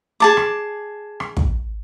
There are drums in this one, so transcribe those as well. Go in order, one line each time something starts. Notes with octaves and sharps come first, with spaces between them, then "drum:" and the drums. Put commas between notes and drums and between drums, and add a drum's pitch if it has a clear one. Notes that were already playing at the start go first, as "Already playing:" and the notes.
G#4 A5 D6
drum: rim click
drum: rim click
drum: kick